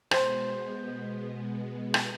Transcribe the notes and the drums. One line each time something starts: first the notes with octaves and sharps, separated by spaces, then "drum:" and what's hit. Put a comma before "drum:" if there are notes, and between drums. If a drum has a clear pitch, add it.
B2 G#3 B3 C5, drum: rim click
drum: rim click